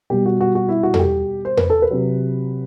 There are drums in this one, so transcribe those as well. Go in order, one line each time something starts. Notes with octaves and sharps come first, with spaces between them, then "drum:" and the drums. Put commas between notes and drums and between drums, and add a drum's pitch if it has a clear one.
B2 G3 G4
F#4
F#4
F#4
E4
F#4
A4, drum: tom E2
G4
C5
B4, drum: tom E2
A4
B4
C3 F#3